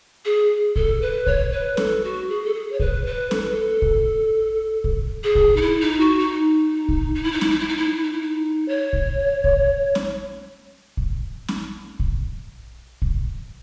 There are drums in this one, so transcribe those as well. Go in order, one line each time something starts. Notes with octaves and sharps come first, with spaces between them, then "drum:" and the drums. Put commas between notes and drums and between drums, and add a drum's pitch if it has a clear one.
G#4
A4, drum: kick A#1
B4
C#5, drum: kick A#1
B4
A4, drum: snare C#4
F#4
G#4
A4
G#4
C#5
B4, drum: kick A#1
B4
A4, drum: snare C#4
B4
A4
drum: kick A#1
drum: kick A#1
G#4
drum: kick A#1
D#4
E4
D#4
F#4
D#4
drum: kick A#1
D#4
E4
D#4
E4, drum: snare C#4
D#4
E4
D#4
E4
D#4
E4
D#4
E4
D#4
C#5
drum: kick A#1
drum: kick A#1
drum: snare C#4
drum: kick A#1
drum: snare C#4
drum: kick A#1
drum: kick A#1